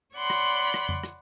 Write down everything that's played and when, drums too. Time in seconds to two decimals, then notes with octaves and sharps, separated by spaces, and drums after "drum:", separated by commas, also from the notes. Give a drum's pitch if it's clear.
0.15 C#5 D5 F#5 B5 C6
0.30 drum: rim click
0.74 drum: rim click
0.89 drum: tom F2
1.03 drum: rim click